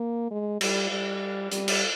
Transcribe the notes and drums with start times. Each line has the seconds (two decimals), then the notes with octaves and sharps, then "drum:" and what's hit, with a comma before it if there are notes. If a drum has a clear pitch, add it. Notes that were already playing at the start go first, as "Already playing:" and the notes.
Already playing: A#3
0.31 G#3
0.61 G3, drum: cymbal
0.91 G3
1.51 G3, drum: hi-hat
1.68 drum: cymbal